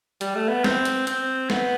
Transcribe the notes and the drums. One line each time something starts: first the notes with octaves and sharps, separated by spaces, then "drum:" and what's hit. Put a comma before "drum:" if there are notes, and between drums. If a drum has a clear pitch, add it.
G3, drum: hi-hat
A3
B3
C4, drum: snare
drum: hi-hat
C4, drum: hi-hat
B3, drum: snare